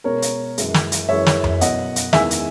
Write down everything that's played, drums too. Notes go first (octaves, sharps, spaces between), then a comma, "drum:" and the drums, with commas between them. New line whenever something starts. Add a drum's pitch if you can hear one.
B2 G#3 A#4 C#5
drum: hi-hat
F#2 E3 G#3, drum: hi-hat
drum: snare
drum: hi-hat
F#2 E3 G#3 C#5 E5
drum: snare
drum: tom F2
B2 F#3 D#5 F#5, drum: hi-hat
drum: hi-hat
E2 D#3 G#3 E5 G#5, drum: snare
drum: hi-hat